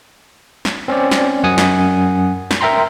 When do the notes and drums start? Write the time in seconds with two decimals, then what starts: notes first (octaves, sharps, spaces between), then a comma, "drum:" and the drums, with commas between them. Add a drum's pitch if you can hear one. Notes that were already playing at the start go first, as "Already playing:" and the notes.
0.65 drum: snare
0.88 C4 C#4 C5 D5
1.11 drum: snare
1.43 F#2 F#5 G#5 D#6
1.58 drum: snare
2.51 drum: snare
2.61 A#4 E5 G5 A#5 C6